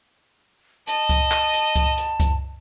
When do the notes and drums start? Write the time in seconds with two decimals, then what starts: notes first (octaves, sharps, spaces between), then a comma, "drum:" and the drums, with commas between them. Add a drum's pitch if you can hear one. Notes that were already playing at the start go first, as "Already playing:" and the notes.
0.87 D#5 A5, drum: hi-hat
1.09 drum: kick C#2, hi-hat
1.31 drum: clap
1.54 drum: hi-hat
1.76 drum: kick C#2, hi-hat
1.98 drum: hi-hat
2.20 drum: kick C#2, hi-hat